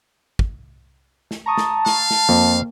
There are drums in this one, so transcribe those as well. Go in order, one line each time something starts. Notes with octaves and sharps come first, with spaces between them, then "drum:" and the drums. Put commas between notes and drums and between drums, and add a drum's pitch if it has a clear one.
drum: kick
drum: snare
A5 A#5 C#6 D#6
drum: snare
F5, drum: snare
drum: snare
F2 A#3